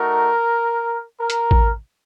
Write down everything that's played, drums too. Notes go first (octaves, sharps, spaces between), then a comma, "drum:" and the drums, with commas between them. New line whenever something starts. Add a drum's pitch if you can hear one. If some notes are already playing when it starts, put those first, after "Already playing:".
Already playing: A3 D#4 F#4 A#4
A#4
drum: hi-hat
drum: kick A1